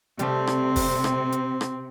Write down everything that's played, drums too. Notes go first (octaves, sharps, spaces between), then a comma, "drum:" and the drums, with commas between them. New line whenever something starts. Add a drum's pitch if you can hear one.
C3 G3 A3 C4, drum: hi-hat
drum: rim click
drum: kick, open hi-hat
drum: rim click
drum: hi-hat
drum: rim click